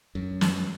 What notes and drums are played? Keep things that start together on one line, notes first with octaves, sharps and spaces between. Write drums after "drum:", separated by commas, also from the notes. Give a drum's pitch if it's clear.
F#2
drum: snare